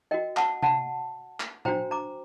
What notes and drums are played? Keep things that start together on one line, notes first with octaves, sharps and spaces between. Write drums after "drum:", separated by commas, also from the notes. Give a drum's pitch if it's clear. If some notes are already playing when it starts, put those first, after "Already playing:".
F#4 A#4 D#5 G5
F#5 A5, drum: clap
F#5 A5, drum: tom C3
drum: clap
D4 F#4 C5 G5 A#5, drum: tom A#2
A#5 D6